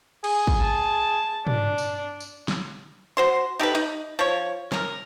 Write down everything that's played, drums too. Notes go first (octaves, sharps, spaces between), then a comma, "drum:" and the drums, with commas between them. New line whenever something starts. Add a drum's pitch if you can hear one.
G#4, drum: cymbal
drum: kick
A5
D4, drum: tom
drum: tambourine
drum: tambourine
drum: snare
F#4 C5 C6
D#4 G4 A4 B4
D#4, drum: hi-hat
F3 C#5
C#4 A#4, drum: snare